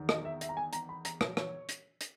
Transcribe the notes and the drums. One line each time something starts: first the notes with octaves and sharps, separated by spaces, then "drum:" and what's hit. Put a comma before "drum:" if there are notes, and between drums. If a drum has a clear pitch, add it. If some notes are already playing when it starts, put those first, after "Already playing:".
Already playing: E2 D#3
D#5, drum: rim click
E5
E5, drum: hi-hat
A#5
G#5
A#5, drum: hi-hat
B5
A#5, drum: hi-hat
C#5, drum: rim click
C#5, drum: rim click
drum: hi-hat
drum: hi-hat